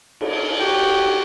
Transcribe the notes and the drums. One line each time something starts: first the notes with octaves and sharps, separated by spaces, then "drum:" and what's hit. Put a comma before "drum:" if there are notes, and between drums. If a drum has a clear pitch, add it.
drum: cymbal
F#4 G4 G5